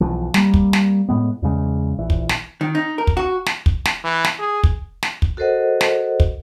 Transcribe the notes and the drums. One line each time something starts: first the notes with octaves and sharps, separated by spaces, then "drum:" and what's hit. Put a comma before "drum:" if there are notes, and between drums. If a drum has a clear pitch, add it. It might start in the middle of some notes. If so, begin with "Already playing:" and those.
B1 E3 F3
G3 A#3, drum: snare
drum: kick
drum: snare
A2 G#3 B3
E2 C#3 G#3
A#1 E3
drum: kick
drum: snare
D#3
D#4
A#4
drum: kick
F#4
drum: snare
drum: kick
drum: snare
E3
drum: snare
G#4
drum: kick
drum: snare
drum: kick
F#4 A4 A#4 C5 D#5 F#5
drum: snare
drum: kick